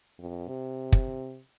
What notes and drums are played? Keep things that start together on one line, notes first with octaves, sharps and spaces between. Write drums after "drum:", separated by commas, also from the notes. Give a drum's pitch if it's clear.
F2
C3
drum: kick